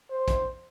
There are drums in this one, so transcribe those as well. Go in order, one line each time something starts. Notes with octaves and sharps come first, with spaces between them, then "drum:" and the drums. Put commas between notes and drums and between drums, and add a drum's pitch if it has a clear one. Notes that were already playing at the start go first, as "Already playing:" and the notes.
C5
drum: kick, hi-hat